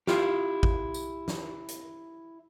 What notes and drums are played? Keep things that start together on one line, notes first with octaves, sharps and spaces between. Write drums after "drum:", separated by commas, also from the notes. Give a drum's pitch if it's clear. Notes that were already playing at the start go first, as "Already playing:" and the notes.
E4 F4 G4, drum: snare
drum: kick G#1
drum: tambourine
drum: snare
drum: hi-hat